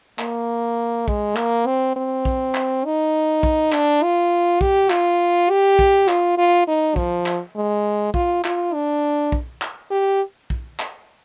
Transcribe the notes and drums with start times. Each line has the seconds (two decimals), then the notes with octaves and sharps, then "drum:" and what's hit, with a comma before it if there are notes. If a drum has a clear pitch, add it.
0.19 A#3, drum: clap
1.08 G#3, drum: kick
1.36 A#3, drum: clap
1.66 C4
1.96 C4
2.25 drum: kick
2.55 drum: clap
2.85 D#4
3.43 drum: kick
3.72 D4, drum: clap
4.03 F4
4.61 G4, drum: kick
4.90 F4, drum: clap
5.50 G4
5.79 drum: kick
6.09 F4, drum: clap
6.38 F4
6.67 D#4
6.96 F3, drum: kick
7.26 drum: clap
7.56 G#3
8.14 F4, drum: kick
8.45 F4, drum: clap
8.73 D4
9.32 drum: kick
9.62 drum: clap
9.91 G4
10.50 drum: kick
10.80 drum: clap